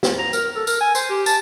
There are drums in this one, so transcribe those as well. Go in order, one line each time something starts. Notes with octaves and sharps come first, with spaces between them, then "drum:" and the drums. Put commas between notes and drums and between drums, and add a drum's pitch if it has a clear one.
drum: snare
A#5
A#4, drum: tambourine
A4
A#4, drum: tambourine
G#5
C5, drum: tambourine
G4
A5, drum: tambourine